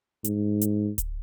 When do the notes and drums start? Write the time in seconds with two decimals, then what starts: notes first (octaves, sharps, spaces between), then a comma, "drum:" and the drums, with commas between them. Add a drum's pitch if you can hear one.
0.24 G#2, drum: hi-hat
0.62 drum: hi-hat
0.98 drum: kick D1, hi-hat